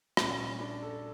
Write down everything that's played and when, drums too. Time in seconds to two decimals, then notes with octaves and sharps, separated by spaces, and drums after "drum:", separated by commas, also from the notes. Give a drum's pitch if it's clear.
0.17 A#1 A#2 G3 C#4, drum: rim click
0.39 C#4
0.61 D4
0.83 A4